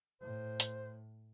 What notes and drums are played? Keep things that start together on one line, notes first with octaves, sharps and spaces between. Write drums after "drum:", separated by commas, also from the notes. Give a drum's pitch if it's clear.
A2 C5
drum: hi-hat